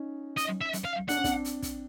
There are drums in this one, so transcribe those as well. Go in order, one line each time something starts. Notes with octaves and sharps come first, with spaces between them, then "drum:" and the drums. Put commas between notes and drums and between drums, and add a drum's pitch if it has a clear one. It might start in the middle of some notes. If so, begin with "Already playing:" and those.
Already playing: C#4 D#4
D#5, drum: hi-hat
E5
drum: hi-hat
F5
D4 F#5, drum: hi-hat
C#4
C4 D4, drum: kick, hi-hat
drum: hi-hat
drum: kick, hi-hat